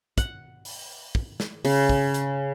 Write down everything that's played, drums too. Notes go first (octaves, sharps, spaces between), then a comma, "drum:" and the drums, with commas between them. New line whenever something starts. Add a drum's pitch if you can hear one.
F#5, drum: kick, hi-hat
drum: open hi-hat
drum: kick
drum: snare
C#3, drum: open hi-hat
drum: kick
drum: hi-hat